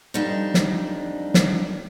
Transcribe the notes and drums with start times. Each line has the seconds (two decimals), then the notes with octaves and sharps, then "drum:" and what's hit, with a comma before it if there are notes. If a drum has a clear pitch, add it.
0.14 F2 G3 D4 D#4
0.54 drum: snare
1.34 drum: snare